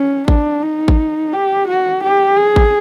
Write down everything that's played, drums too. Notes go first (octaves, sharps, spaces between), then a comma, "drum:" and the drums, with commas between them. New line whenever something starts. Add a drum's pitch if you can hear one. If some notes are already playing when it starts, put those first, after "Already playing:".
Already playing: C#4
D4, drum: kick G#1
D#4
drum: kick G#1
G4
F#4
G4
G#4
drum: kick G#1